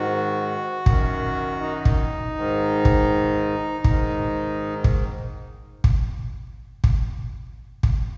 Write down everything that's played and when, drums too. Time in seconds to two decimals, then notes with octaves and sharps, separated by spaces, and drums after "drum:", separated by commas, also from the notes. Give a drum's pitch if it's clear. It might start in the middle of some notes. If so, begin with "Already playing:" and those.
Already playing: G#2 D#3 F#4
0.86 F#2 D#3, drum: kick
1.61 D#4
1.85 drum: kick
2.36 G#2 D#3
2.85 drum: kick
3.84 G#2 D#3, drum: kick
4.84 drum: kick
5.84 drum: kick
6.84 drum: kick
7.83 drum: kick